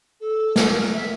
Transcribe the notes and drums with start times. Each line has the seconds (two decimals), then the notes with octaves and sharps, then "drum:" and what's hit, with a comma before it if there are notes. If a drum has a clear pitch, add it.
0.21 A4
0.56 drum: snare
0.68 A#4
0.94 E5